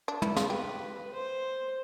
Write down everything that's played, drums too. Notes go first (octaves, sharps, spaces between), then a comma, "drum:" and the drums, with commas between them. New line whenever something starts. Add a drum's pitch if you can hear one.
D4
E4, drum: tom
F4, drum: snare
G4 B4
C5